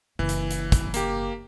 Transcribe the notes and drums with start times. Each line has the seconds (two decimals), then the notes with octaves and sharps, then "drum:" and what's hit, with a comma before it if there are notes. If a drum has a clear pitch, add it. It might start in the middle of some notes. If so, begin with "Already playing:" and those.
0.19 F#1 E3
0.29 drum: hi-hat
0.51 drum: hi-hat
0.72 drum: kick, hi-hat
0.94 A#3 G4, drum: hi-hat